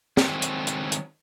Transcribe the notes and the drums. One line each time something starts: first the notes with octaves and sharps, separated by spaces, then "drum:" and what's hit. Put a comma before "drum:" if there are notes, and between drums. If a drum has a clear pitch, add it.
D#3 F#3 G#3 A3 C4 C#5, drum: snare
drum: hi-hat
drum: hi-hat
drum: hi-hat